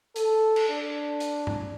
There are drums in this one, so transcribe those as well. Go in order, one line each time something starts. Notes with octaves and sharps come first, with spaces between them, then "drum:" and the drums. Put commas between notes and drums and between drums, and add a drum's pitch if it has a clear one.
A4, drum: hi-hat
drum: cymbal
D4
drum: hi-hat
drum: tom G2